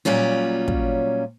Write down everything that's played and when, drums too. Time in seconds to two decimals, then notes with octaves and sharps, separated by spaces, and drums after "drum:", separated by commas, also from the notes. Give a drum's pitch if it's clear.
0.05 A#2 F#3 G3 C#4 F4
0.68 drum: kick